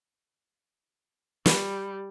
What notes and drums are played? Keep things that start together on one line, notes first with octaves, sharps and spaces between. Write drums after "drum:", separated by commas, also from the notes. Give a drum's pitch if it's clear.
G3, drum: snare